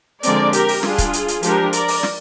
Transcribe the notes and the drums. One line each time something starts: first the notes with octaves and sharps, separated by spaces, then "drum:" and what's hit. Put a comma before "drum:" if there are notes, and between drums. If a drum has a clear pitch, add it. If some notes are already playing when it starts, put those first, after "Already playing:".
D3 F3 G#3 C4 A#4 D5, drum: hi-hat
G4 A#4, drum: hi-hat
drum: open hi-hat
G3 D4 F4 G#4, drum: snare
drum: kick, hi-hat
drum: hi-hat
drum: hi-hat
F3 G#3 D4 G4 A#4, drum: hi-hat
A#4 D5, drum: hi-hat
drum: open hi-hat
drum: snare